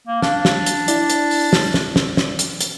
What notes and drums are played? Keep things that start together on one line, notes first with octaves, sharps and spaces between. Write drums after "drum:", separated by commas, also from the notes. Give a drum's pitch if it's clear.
A#3
D4 F5, drum: snare
drum: snare
drum: hi-hat
E4 D5, drum: hi-hat
drum: hi-hat
drum: open hi-hat
drum: snare
drum: snare
drum: snare
drum: snare
drum: hi-hat
drum: hi-hat